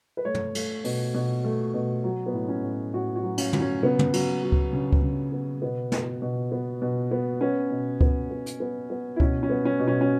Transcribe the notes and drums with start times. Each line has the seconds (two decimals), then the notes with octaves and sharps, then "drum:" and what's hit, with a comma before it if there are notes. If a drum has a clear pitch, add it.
0.17 B4
0.25 A3 C#5
0.35 drum: tom
0.55 A3, drum: cymbal
0.84 B2, drum: open hi-hat
1.14 B2
1.44 A3
1.74 B2
2.04 F#3
2.26 B3
2.33 A2
2.49 C#4
2.63 A2
2.94 A2 F#4
3.16 F#4
3.24 F#3
3.38 C#4, drum: cymbal
3.53 F#3, drum: tom
3.61 C#4
3.82 C#3 B3
3.99 drum: tom
4.13 F#3, drum: cymbal
4.43 F#3
4.52 drum: kick C#2
4.73 C#3
4.93 drum: kick C#2
5.02 C#3
5.32 B3
5.62 B2 B3
5.92 B2, drum: snare
6.22 B2
6.52 B3
6.82 B2
7.11 B3
7.41 B3 C#4
7.71 B2
8.01 B3, drum: kick C#2
8.31 B3
8.46 drum: hi-hat
8.60 B3
8.90 B3
9.16 E4
9.20 B2 C#4, drum: kick C#2
9.43 C#4
9.49 B3
9.65 C#4
9.79 B2
9.88 C#4
10.01 C#4